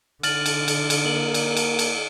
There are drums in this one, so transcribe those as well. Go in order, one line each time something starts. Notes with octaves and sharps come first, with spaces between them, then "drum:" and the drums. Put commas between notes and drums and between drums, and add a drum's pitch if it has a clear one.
D3 F6 A6 F#7, drum: cymbal
drum: cymbal
drum: cymbal
drum: cymbal
A#3 F#7
drum: cymbal
drum: cymbal
drum: cymbal